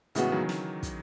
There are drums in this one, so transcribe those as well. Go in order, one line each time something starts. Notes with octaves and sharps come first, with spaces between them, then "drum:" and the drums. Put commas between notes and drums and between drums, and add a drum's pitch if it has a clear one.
A2 C#3 E3 G#3 B3 F#4, drum: hi-hat
D#3 F#3
drum: snare
drum: kick, hi-hat